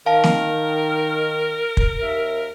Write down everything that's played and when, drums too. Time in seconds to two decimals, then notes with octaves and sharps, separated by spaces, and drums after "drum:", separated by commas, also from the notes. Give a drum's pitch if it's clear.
0.06 D#3 A#4 F5 A5
0.24 drum: snare
1.77 drum: kick
2.02 D#2 E5